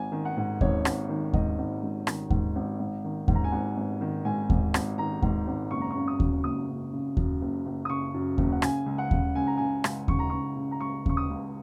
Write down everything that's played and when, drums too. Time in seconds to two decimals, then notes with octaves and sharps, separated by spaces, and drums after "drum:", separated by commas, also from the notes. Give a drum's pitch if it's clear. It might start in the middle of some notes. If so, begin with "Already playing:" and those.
Already playing: G#1 G#5
0.12 D#3
0.25 F#5
0.37 G#2
0.61 G#1 C#5, drum: kick D#2
0.85 G#1, drum: rim click
1.09 D#3
1.33 G#2 D#5, drum: kick D#2
1.58 G#1
1.83 G#1
2.07 D#3, drum: rim click
2.30 G#2, drum: kick D#2
2.55 G#1
2.79 G#1
3.04 D#3
3.28 G#2, drum: kick D#2
3.35 A#5
3.44 G#5
3.52 G#1 F#5
3.77 G#1
4.01 D#3
4.25 G#2 G#5
4.50 G#1, drum: kick D#2
4.74 G#1, drum: rim click
4.98 D#3 A#5
5.22 G#2, drum: kick D#2
5.47 G#1
5.71 F#1 C#6
5.81 A#5
5.91 C#3 C#6
6.08 D#6
6.20 F#2, drum: kick D#2
6.43 F#1 D#6
6.68 F#1
6.93 C#3
7.17 F#2, drum: kick D#2
7.41 F#1
7.66 F#1
7.85 D#6
7.90 C#3 C#6
8.14 F#2
8.38 F#1, drum: kick D#2
8.52 F#5
8.62 C#3 G#5, drum: rim click
8.86 C#2
8.98 F#5
9.11 C#3, drum: kick D#2
9.35 C#2 G#5
9.47 A#5
9.58 C#3 G#5
9.84 C#2, drum: rim click
10.08 C#3 C#6, drum: kick D#2
10.19 A#5
10.30 C#2 C#6
10.57 C#3
10.71 A#5
10.80 C#2 C#6
11.06 C#3 C#6, drum: kick D#2
11.17 D#6
11.29 C#2